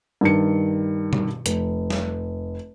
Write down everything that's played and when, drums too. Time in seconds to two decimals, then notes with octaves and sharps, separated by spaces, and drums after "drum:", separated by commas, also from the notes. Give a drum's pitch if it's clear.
0.21 G2 D#3 C#7
1.13 drum: tom B2
1.46 F1, drum: hi-hat
1.90 drum: snare